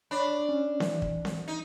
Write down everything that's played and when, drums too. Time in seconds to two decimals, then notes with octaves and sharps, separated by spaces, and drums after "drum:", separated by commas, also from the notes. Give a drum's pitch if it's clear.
0.11 D4 C#5 B5
0.49 C#4
0.80 E3, drum: snare C4
1.02 drum: kick
1.25 drum: snare C4
1.48 D#4